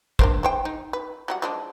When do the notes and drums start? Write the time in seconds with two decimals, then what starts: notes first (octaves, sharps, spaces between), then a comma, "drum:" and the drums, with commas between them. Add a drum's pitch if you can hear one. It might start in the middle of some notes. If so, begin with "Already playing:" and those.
0.19 D4 A#4 C5, drum: kick
0.43 G#3 C5 G5
0.65 D#4
0.93 B4
1.28 F#3 G3 F#5
1.42 F3 G#3 D4